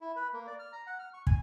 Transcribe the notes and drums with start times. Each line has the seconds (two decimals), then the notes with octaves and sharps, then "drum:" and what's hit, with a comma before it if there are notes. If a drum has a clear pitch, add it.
0.01 E4
0.16 B4
0.33 A#3
0.47 D5
0.59 F6
0.73 A#5
0.87 F#5
0.99 F6
1.13 C#6
1.27 G#5, drum: kick